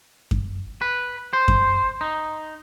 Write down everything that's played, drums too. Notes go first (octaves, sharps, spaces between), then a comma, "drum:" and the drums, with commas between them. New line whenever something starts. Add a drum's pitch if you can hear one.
drum: kick F#2
B4
C5
drum: kick F#2
D#4